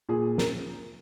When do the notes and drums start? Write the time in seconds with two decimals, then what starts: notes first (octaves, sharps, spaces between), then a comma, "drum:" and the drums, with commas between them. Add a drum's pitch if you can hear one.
0.09 A#2 G#4
0.38 A#4, drum: snare